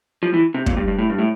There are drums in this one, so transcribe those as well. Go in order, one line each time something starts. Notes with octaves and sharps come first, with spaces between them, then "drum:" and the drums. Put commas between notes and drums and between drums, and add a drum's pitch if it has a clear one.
F3
E3
C3
A#2, drum: kick
F2
G2
G2
A2
G2
A2